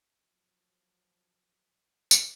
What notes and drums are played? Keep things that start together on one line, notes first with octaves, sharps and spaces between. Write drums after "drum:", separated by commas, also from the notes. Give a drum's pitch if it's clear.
F3 F#3
drum: tambourine